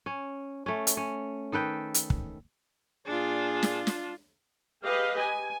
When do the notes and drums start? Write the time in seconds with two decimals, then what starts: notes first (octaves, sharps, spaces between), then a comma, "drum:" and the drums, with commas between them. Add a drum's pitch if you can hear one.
0.06 C#4
0.66 A3 C#4
0.87 drum: hi-hat
0.97 C#4
1.52 D#3 A4 B4 G5
1.94 drum: hi-hat
2.10 drum: kick
3.07 A#2 D4 F4 G#4
3.63 drum: snare
3.87 drum: snare
4.83 G4 G#4 B4 D#5 F5
5.19 G#5